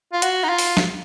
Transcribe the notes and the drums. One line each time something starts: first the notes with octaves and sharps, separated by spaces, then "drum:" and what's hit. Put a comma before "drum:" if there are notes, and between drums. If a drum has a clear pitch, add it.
F4
F#4, drum: hi-hat
D#4
F4
drum: open hi-hat
drum: snare